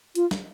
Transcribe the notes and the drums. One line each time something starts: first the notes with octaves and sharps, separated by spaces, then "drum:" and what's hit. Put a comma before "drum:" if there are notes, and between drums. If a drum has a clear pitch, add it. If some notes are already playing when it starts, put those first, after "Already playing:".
F4, drum: hi-hat
drum: snare